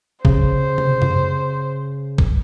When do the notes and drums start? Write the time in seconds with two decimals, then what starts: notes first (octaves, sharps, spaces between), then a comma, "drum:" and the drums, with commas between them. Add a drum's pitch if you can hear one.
0.25 C#3 C5, drum: kick
0.78 drum: tom C3
1.02 drum: tom F#2
2.18 drum: kick